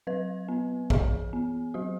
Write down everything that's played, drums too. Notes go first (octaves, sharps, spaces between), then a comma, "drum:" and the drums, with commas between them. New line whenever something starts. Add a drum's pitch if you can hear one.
F#3 B4
B3
E3 G#4, drum: kick
B3
F#3 F#4